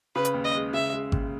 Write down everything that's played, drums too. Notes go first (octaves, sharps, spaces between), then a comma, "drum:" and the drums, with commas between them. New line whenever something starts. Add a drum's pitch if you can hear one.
C#3 B4
drum: hi-hat
D#2
D#5
G#3
C#3 E5
G#3
D#2, drum: kick G#1